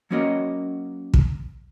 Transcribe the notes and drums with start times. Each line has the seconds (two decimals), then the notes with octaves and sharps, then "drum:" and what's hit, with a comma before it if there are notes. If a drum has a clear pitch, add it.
0.11 F#3 A#3 C#4 F#4 A#4 D#5
1.14 drum: kick